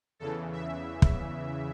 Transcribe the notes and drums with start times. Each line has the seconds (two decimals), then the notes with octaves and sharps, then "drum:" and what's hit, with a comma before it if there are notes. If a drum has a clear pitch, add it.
0.19 E2 C#3 E3 A4
0.52 E5
1.02 drum: kick